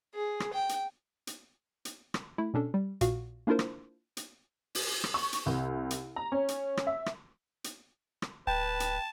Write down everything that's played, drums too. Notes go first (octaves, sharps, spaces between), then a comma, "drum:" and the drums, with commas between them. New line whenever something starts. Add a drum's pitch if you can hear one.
G#4
drum: rim click
G5
drum: hi-hat
drum: hi-hat
drum: hi-hat
drum: rim click
A3 E4
B2 C#4 D4 A4
G3
A#1 A#2 F#4 F5, drum: hi-hat
A#3 D4 E4 F4 A#4 C5
drum: rim click
drum: hi-hat
drum: open hi-hat
drum: rim click
C#6
drum: hi-hat
C2
drum: hi-hat
A#5
C#4
drum: hi-hat
drum: rim click
E5
drum: rim click
drum: hi-hat
drum: rim click
D1 B4 G5 A5
drum: hi-hat